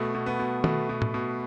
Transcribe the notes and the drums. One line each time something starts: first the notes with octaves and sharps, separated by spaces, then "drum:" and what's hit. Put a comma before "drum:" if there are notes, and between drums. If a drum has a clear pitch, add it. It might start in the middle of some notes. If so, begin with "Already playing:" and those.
Already playing: B2 A3
B2
B3
B2
B2 A3, drum: tom D#3
B2
drum: tom A2
B2